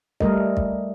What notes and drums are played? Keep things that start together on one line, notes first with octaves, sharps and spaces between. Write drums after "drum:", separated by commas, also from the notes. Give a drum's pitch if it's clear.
G3 A3 A#4 D#5, drum: kick
drum: kick